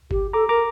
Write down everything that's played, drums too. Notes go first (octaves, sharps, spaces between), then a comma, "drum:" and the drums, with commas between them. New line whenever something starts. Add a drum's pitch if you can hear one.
G4, drum: kick G1
A4 A#5 D6
A#4 A#5 D6